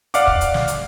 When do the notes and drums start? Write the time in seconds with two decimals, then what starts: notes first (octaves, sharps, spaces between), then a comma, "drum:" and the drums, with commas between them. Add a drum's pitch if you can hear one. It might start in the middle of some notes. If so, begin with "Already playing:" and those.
0.14 D5 F5 F#5 D6, drum: hi-hat
0.27 drum: kick
0.41 drum: hi-hat
0.54 drum: snare
0.68 drum: hi-hat